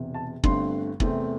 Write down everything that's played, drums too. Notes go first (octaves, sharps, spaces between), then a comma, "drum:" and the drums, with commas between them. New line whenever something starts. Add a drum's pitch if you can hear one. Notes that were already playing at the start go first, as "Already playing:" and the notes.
Already playing: E1 E2 C3
A5
G1 G2 D3 A3 C4 C6, drum: kick
E2 C3 A3 C4, drum: kick